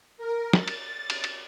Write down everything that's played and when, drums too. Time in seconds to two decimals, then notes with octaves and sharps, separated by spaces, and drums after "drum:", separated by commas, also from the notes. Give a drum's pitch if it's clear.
0.18 A#4
0.53 A6, drum: snare
0.68 drum: cymbal
0.87 A6
1.10 drum: cymbal
1.24 drum: cymbal